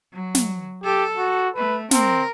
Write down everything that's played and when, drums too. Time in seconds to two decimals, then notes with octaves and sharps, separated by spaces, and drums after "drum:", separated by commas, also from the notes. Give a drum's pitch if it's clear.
0.13 F#3
0.35 drum: snare
0.84 G4 A4
1.17 F#4
1.56 A3 B4
1.91 C4 A#4, drum: snare